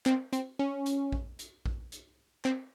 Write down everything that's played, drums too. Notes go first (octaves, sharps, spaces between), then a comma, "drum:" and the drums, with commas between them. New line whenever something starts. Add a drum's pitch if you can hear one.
C4, drum: clap
C4, drum: hi-hat
C#4
drum: hi-hat
drum: kick A#1
drum: hi-hat
drum: kick A#1
drum: hi-hat
C4, drum: clap